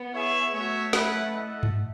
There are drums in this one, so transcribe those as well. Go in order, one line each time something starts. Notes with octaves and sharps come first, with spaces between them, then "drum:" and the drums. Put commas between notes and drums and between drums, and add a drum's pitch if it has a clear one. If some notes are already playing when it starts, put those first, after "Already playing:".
Already playing: B3
E4 G#4 C#5 E5
A3 F#4 C#5 E5
C#4 E4 B4 F#5, drum: snare
E4 A4 D#5 F#5
drum: tom G2